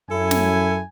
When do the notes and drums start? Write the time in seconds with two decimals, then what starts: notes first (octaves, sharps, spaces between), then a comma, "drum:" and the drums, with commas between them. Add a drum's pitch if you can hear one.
0.11 F#2 E4 A4 G#5
0.31 drum: snare